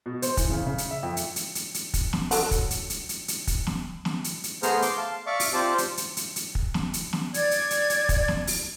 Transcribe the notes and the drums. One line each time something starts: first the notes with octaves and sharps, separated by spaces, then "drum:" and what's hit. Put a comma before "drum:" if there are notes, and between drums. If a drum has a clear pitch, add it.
B2
C5, drum: hi-hat
E3, drum: kick, hi-hat
C#3
C#3
drum: hi-hat
E5
F2
drum: hi-hat
drum: hi-hat
drum: hi-hat
drum: hi-hat
drum: kick, hi-hat
drum: snare
F#3 A4 F#5, drum: open hi-hat
drum: kick, hi-hat
drum: hi-hat
drum: hi-hat
drum: hi-hat
drum: hi-hat
drum: kick, hi-hat
drum: snare
drum: snare
drum: hi-hat
drum: hi-hat
A3 B3 G#4 C5 A#5 F6, drum: hi-hat
C6 D6, drum: hi-hat
F5 A5
D5 E5 F5 C#6 D6
drum: open hi-hat
C4 F4 G4 C5 D5 A5
drum: hi-hat
drum: hi-hat
drum: hi-hat
drum: hi-hat
drum: kick
drum: snare
drum: hi-hat
drum: snare
D5 G#6, drum: hi-hat
drum: hi-hat
drum: hi-hat
drum: hi-hat
drum: kick, hi-hat
drum: snare
drum: open hi-hat